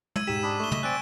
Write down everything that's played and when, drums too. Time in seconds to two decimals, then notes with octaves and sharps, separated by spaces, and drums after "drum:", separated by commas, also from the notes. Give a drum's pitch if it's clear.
0.16 E6 G#6 D#7, drum: tom
0.27 G#2 G4 B6 D#7 E7
0.43 D4 B5 D#6
0.60 A3 C#6 E7 G7
0.72 D#5, drum: tom
0.83 C4 D5 G#5 F#6 D7